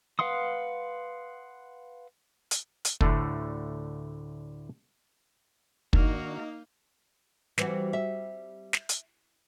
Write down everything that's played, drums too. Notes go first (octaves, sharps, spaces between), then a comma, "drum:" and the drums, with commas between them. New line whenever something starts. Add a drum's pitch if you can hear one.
B4 F5 F#5 C6 D#6
drum: hi-hat
drum: hi-hat
D2 A2 D3 A3, drum: kick
D#3 A#3 D4 D#4 F#4 F5, drum: kick
E3 G3 C4 F#4, drum: snare
E5
drum: snare
drum: hi-hat